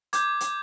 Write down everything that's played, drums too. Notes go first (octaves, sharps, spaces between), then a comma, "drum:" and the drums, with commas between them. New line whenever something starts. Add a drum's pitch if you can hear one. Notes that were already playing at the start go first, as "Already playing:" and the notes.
D6 G6 G#6, drum: hi-hat
drum: hi-hat